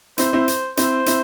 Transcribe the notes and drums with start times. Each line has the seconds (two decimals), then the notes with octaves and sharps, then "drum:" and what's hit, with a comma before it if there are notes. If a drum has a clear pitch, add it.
0.18 C4 E4 C5, drum: hi-hat
0.33 C4 E4
0.48 drum: hi-hat
0.77 C4 E4 C5, drum: hi-hat
1.06 C4 E4, drum: hi-hat